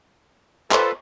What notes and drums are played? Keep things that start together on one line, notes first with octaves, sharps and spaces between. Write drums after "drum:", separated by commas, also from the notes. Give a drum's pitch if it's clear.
F4 A4 B4 C5, drum: clap